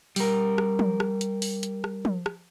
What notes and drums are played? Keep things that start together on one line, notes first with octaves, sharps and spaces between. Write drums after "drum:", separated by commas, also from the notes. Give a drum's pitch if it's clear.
G3 A#4, drum: open hi-hat
drum: rim click
drum: tom F3
drum: rim click
drum: hi-hat
drum: open hi-hat
drum: hi-hat
drum: rim click
drum: tom F3
drum: rim click